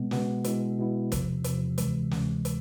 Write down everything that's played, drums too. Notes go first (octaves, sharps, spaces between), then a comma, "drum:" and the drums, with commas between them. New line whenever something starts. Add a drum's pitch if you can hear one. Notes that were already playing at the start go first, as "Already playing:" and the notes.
Already playing: B2 G#3 B3
B2 G#3 B3, drum: snare
B2 G#3 B3 E4, drum: hi-hat
B2 G#3 B3 E4
E2 C3 F3, drum: kick, hi-hat
E2 C3 F3, drum: hi-hat
D2 C3 E3 G#3, drum: hi-hat
D2 C3 E3 G#3, drum: snare
drum: hi-hat